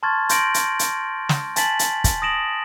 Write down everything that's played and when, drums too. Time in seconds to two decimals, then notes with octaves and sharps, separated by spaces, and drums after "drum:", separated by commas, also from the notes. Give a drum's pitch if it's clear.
0.03 A5 C6 C#6 F6 G#6 A6
0.29 C6 G6 A#6 D7 F#7, drum: hi-hat
0.54 drum: hi-hat
0.79 drum: hi-hat
1.29 drum: snare
1.56 G#5 A5 A6 B6 F#7, drum: hi-hat
1.79 drum: hi-hat
2.04 drum: kick, hi-hat
2.22 D#6 A#6 D7 E7 F#7